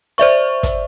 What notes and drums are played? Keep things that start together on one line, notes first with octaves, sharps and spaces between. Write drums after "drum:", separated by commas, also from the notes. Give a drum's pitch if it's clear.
C5 D5 E5 C#6, drum: hi-hat
drum: kick, hi-hat